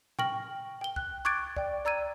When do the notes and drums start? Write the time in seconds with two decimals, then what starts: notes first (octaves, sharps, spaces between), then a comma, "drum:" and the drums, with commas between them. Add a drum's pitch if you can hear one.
0.19 G5 C#6 F6 A#6 F#7, drum: tom A2
0.81 G5 G7
0.96 F#6, drum: kick C2
1.25 C#6 D6 F#6 G#6 A6 D7
1.56 D5 G5, drum: kick C2
1.85 D5 A#5 E6 G#6 D#7